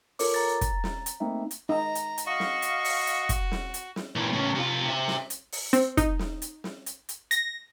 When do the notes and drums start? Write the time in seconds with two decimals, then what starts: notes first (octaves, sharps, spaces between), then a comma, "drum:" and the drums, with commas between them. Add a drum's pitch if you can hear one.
0.19 F4 A4 A#4 C#5 D6, drum: open hi-hat
0.34 A#5 A6
0.61 drum: kick, hi-hat
0.84 drum: snare
1.06 drum: hi-hat
1.20 A3 A#3 C4 D#4 E5
1.51 drum: hi-hat
1.69 D#4 A#5
1.95 drum: hi-hat
2.18 drum: hi-hat
2.27 F#4 D#5 F5 C#6
2.40 drum: snare
2.62 drum: hi-hat
2.85 drum: open hi-hat
3.07 drum: hi-hat
3.29 drum: kick, hi-hat
3.51 drum: snare
3.74 drum: hi-hat
3.96 drum: snare
4.15 A#2 E3
4.33 A2 C#3
4.55 C3 F4
4.89 C5 E5
5.08 drum: snare
5.30 drum: hi-hat
5.52 drum: open hi-hat
5.73 C4, drum: hi-hat
5.97 D#4, drum: kick, hi-hat
6.19 drum: snare
6.42 drum: hi-hat
6.64 drum: snare
6.86 drum: hi-hat
7.09 drum: hi-hat
7.31 A#6, drum: hi-hat